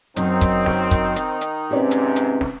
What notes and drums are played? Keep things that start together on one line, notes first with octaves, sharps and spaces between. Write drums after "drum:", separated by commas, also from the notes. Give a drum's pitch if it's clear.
F#2 D#3 F#3 C4 D#4, drum: hi-hat
drum: kick, hi-hat
drum: snare
drum: kick, hi-hat
drum: hi-hat
drum: hi-hat
G#2 C3 C4 C#4 G4 B4 C#5 D5
drum: hi-hat
drum: hi-hat
drum: snare